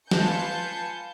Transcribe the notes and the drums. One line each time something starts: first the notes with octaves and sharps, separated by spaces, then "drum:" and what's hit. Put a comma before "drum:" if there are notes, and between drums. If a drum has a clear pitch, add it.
F4 B4 G#5 A5 G6 C#7, drum: snare